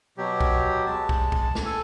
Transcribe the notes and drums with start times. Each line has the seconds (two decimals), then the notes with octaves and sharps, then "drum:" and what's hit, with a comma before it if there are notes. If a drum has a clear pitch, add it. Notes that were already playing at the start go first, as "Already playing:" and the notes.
0.18 B2 F#3 G4
0.41 drum: kick
0.87 G#3 A5
1.09 drum: kick
1.32 drum: kick
1.55 drum: snare
1.65 A4 G#5